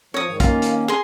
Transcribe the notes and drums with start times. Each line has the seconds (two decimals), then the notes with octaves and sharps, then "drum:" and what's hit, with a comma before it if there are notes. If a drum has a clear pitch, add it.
0.14 F3 C#5 D#6
0.27 G#2 D#3
0.40 D#3 A#3 C#4 F4, drum: kick, hi-hat
0.62 drum: hi-hat
0.88 G#4 C6